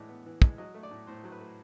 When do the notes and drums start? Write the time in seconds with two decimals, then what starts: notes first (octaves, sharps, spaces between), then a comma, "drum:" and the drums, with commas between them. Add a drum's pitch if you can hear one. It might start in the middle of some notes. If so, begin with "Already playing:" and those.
Already playing: A2 E3 G#3 D5
0.09 B3
0.26 E3
0.42 G#3, drum: kick
0.58 F#3 D#5
0.75 A3
0.83 D5
0.91 A2
1.07 A2 C5
1.24 F#3
1.32 B4
1.40 A3